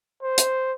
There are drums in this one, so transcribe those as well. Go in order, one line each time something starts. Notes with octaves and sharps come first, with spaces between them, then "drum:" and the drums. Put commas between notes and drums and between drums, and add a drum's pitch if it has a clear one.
C5
drum: hi-hat